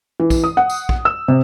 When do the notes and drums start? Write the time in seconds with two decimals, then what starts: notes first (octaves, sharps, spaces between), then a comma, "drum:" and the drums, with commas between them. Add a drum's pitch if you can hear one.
0.20 E3
0.30 drum: kick, tambourine
0.44 D#6
0.57 F#5
0.70 drum: tambourine
0.89 drum: kick
1.05 E6
1.28 C3